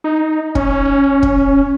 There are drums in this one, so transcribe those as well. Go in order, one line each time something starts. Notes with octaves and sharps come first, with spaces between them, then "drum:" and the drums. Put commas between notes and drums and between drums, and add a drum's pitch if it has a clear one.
D#4
C#4, drum: kick
drum: kick